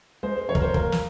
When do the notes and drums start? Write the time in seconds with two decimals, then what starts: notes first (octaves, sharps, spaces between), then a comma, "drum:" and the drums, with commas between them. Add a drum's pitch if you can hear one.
0.23 G#3 C5
0.36 C5
0.48 F2 C#5
0.55 A#4, drum: kick
0.62 C5
0.74 A#3 A#4, drum: kick
0.92 drum: snare